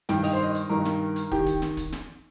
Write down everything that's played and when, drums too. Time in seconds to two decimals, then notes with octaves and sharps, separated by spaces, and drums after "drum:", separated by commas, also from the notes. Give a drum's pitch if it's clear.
0.09 G2 D#3 G5, drum: snare
0.23 D#5, drum: open hi-hat
0.33 C5
0.43 D#5
0.55 drum: hi-hat
0.69 G2 D#3 A#4
0.85 drum: snare
1.16 drum: hi-hat
1.32 D#3 G4, drum: kick
1.46 drum: kick, hi-hat
1.62 drum: snare
1.77 drum: kick, hi-hat
1.92 drum: snare